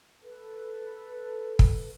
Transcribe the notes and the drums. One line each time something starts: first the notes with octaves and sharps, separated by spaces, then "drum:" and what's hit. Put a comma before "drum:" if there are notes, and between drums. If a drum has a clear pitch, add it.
A4 B4
drum: kick